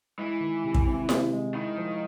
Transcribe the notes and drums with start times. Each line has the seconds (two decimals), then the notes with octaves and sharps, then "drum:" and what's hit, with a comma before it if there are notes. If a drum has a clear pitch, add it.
0.18 E3 G#3
0.41 D#3
0.64 C3
0.74 drum: kick
0.87 C4
1.09 C3, drum: snare E4
1.33 G#3
1.54 D#3 E4
1.78 F3